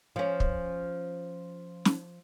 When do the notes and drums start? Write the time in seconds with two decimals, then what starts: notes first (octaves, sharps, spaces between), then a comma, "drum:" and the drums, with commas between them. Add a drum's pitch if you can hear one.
0.16 F3 C#4
0.40 drum: kick
1.85 drum: snare